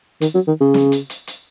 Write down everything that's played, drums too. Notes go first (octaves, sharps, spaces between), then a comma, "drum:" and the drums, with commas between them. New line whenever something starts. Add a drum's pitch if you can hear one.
D#3, drum: hi-hat
F#3
D#3
C#3
drum: snare
drum: hi-hat
drum: hi-hat
drum: hi-hat